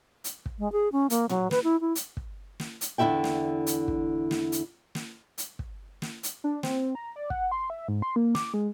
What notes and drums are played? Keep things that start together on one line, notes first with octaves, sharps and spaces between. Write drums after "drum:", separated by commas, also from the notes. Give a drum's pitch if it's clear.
drum: hi-hat
drum: kick
G#3
G#4
C#4
A#3, drum: hi-hat
F#3, drum: tom A2
B4, drum: snare
E4
E4
drum: hi-hat
drum: kick
drum: snare
drum: hi-hat
E2 D3 E4 F#4 E5 G5
drum: snare
drum: hi-hat
drum: kick
drum: snare
drum: hi-hat
drum: snare
drum: hi-hat
drum: kick
drum: snare
drum: hi-hat
D4
C4, drum: snare
A#5
D5
F#5, drum: kick
C6
E5
G#2
C6
A#3
D6, drum: snare
G#3